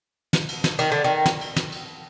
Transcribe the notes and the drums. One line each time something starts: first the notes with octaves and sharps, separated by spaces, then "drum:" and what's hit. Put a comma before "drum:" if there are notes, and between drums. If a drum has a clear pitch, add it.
drum: snare
drum: cymbal
drum: snare
D#3, drum: cymbal
D3
D#3
drum: snare
drum: cymbal
drum: snare
drum: cymbal